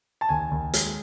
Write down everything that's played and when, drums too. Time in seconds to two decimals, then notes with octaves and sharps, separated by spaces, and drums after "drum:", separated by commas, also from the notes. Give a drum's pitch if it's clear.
0.21 A5
0.29 D#2 G#5
0.51 D#2
0.74 G#3, drum: hi-hat